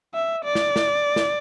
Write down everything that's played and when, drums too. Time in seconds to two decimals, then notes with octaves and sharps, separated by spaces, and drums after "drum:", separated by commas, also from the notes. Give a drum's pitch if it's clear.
0.15 E5
0.45 D5
0.55 drum: snare
0.76 drum: snare
1.16 drum: snare